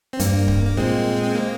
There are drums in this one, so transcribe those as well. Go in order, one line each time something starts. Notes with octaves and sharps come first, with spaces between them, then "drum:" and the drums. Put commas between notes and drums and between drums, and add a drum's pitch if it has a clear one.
C4
G2 A#3, drum: hi-hat
drum: kick D1
A#3
A#2 G#3 C4
C4
A#3